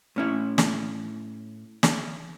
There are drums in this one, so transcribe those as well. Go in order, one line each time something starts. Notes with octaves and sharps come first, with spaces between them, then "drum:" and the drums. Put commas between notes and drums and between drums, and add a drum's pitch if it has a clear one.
A2 C#4 E4
drum: snare
drum: snare